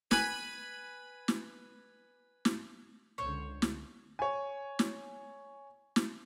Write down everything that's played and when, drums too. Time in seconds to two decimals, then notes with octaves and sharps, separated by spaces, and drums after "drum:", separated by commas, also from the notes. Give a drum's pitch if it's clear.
0.11 B4 G#5 B5, drum: snare
1.28 drum: snare
2.45 drum: snare
3.18 C#2 D3 C5 C#5
3.62 drum: snare
4.19 C#5 G#5
4.79 drum: snare
5.96 drum: snare